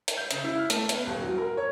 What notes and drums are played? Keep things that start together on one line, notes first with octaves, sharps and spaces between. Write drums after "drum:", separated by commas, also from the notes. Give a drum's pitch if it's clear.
drum: hi-hat
G6
C#3, drum: hi-hat
E4
F6
A3, drum: hi-hat
B3, drum: hi-hat
D#1
F#3
A#4
C#5